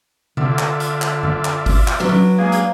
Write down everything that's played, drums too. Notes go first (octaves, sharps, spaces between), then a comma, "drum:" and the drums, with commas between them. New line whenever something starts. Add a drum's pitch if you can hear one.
D3 F4 D5 E5, drum: tom C3
drum: clap
drum: hi-hat
drum: clap
drum: tom F#2
drum: clap
drum: kick, open hi-hat
drum: clap
F#3 D4 B4
drum: tom F#3
G#3 A#3 G#4
drum: hi-hat